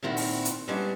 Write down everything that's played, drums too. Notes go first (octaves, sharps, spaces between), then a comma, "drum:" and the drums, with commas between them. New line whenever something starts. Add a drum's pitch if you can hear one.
A#2 D#3 C4 E4 F#4
drum: open hi-hat
drum: hi-hat
G3 G#3 B3 C#4 D4 E4